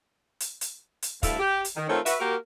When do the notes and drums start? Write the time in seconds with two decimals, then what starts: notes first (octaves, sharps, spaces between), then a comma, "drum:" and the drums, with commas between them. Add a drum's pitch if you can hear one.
0.40 drum: hi-hat
0.61 drum: hi-hat
1.02 drum: hi-hat
1.23 D2 G2 A3 E4 A4 F5, drum: kick, hi-hat
1.39 G4
1.65 drum: hi-hat
1.76 D#3
1.89 D#3 A3 C4 F4 A#4 C#5
2.06 F#4 B4 E5, drum: hi-hat
2.20 A#3 F#4 G4 A#4